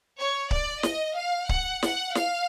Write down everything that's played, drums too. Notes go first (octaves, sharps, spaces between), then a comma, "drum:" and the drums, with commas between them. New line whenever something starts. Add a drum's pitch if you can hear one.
C#5
D5, drum: kick C#1
D#5, drum: snare
F5
F#5, drum: kick C#1
F#5, drum: snare
F5, drum: snare